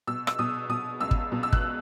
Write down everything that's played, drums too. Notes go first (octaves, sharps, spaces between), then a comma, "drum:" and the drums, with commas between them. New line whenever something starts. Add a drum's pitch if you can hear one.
B2 E6
E6, drum: rim click
B2 D#6
B2 D#6
C#2 E6
drum: kick
B2
E6
F#6, drum: kick